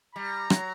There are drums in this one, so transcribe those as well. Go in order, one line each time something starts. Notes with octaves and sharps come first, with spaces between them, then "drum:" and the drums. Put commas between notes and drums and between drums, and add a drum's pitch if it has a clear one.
G3 A#5
F#3, drum: rim click